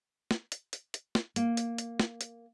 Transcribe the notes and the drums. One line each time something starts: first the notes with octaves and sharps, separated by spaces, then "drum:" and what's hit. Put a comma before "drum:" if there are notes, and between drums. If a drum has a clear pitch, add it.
drum: snare
drum: hi-hat
drum: hi-hat
drum: hi-hat
drum: snare
A#3, drum: hi-hat
drum: hi-hat
drum: hi-hat
drum: snare
drum: hi-hat